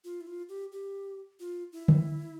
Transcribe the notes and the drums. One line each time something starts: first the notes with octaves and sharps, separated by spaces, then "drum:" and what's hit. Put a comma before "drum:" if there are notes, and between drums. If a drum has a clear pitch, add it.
F4
E4
F4
G4
G4
F4
E4
drum: tom D3